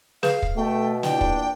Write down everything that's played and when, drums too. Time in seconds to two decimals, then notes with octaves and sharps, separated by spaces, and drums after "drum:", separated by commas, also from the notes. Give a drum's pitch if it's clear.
0.23 G#4 B4 F5, drum: snare
0.42 drum: kick
0.57 B2 A3 G5
1.03 E2 A#2 D4 G5, drum: snare
1.21 drum: kick